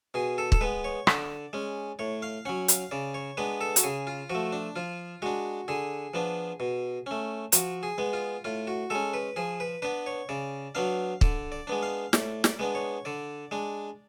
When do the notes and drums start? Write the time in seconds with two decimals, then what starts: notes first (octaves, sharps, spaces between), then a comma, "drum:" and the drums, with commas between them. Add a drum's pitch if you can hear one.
0.14 B2 G#4
0.38 A4
0.52 A4, drum: kick
0.61 G#3 B3 B4
0.84 C#5
1.07 D3 D5, drum: rim click
1.53 G#3 C#4
1.99 A2 C#5
2.22 F5
2.45 F#3 C#4 F#5
2.68 F5, drum: hi-hat
2.91 C#3 D5
3.14 C#5
3.37 G#3 B3 D4 B4
3.61 A4
3.76 F#4, drum: hi-hat
3.83 C#3 G#4
4.07 F4
4.30 F3 A3 F#4
4.52 D4
4.76 F3 F4
5.22 G#3 D4 F#4
5.68 D3 G#4
6.14 F3 B3 D4
6.60 B2
7.06 A3 C#4
7.52 F3 F#4, drum: hi-hat
7.83 G#4
7.98 G#3 B3
8.13 F4
8.44 A2 F4
8.67 F#4
8.90 G#3 C#4 A4
9.14 B4
9.36 F3 G#4
9.60 B4
9.82 B3 D4 B4
10.06 C#5
10.29 C#3 D5
10.75 F#3 B3 D4 F5
11.21 D3 D5, drum: kick
11.52 D5
11.67 G#3 B3 D4
11.83 F5
12.13 A2 D5, drum: snare
12.44 D5, drum: snare
12.59 G#3 B3 D4
12.75 C#5
13.05 D3 D5
13.51 G#3 D4